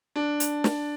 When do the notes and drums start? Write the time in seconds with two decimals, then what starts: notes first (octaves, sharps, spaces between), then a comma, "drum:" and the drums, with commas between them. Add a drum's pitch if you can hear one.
0.16 D4
0.40 drum: hi-hat
0.64 drum: snare